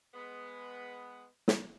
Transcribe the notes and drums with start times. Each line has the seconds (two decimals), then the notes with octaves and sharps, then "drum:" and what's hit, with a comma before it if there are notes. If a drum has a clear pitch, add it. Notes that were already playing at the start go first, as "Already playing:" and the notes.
0.14 G#3 B3
1.48 drum: snare